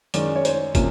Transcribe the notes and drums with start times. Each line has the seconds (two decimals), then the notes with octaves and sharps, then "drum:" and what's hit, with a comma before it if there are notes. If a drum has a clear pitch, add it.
0.14 F#2 D#3 G#3 C#4 D5, drum: hi-hat
0.36 C#5
0.45 C5, drum: hi-hat
0.75 C3 F3 A#3 C#4, drum: kick, hi-hat